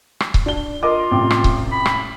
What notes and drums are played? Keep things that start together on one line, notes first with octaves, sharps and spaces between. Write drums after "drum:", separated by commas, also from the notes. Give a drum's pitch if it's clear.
drum: rim click
drum: kick C#1
D4 G7
F4 A#4 D#5 D6
A1 C3
drum: rim click
drum: kick C#1
B5
drum: rim click